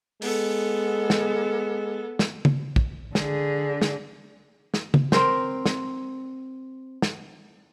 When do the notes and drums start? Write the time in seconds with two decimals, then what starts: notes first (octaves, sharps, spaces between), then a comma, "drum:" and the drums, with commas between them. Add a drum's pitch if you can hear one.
0.22 G#3 B3 A4, drum: open hi-hat
1.10 drum: snare
2.19 drum: snare
2.45 drum: tom
2.76 drum: kick
3.15 D3 G#4, drum: snare
3.82 drum: snare
4.74 drum: snare
4.94 drum: tom
5.12 C4 A#4 C5, drum: snare
5.66 drum: snare
7.02 drum: snare